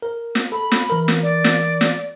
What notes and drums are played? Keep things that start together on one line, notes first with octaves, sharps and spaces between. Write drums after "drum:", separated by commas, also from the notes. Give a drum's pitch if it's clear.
A#4
drum: snare
A4 B5
drum: snare
E3 A#4
drum: snare
D5
drum: snare
drum: snare